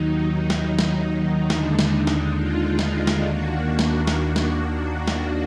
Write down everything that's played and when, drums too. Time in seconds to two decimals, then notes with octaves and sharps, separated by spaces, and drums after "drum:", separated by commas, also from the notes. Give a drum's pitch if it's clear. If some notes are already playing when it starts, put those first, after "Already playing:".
Already playing: D#2 D#3 F#3 D#4
0.22 D#4
0.50 drum: snare
0.65 D#4
0.79 drum: snare
1.50 D#2 D3 G#3 D4, drum: snare
1.79 drum: snare
2.07 drum: snare
2.36 F4
2.79 F4, drum: snare
3.07 drum: snare
3.22 D#2 D#3 A#3 D4 F#4
3.79 drum: snare
4.07 drum: snare
4.36 drum: snare
5.08 drum: snare